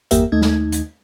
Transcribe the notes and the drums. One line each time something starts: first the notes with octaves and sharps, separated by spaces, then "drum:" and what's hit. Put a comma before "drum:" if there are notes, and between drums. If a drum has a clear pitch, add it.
G1 E2 A#3 G4 A#4 E5, drum: hi-hat
D#2 A3 D#4 G#6
drum: snare
drum: hi-hat